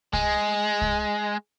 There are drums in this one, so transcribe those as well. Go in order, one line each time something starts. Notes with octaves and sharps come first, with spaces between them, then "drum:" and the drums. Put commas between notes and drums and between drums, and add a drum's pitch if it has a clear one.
G#3, drum: kick C2
drum: kick C2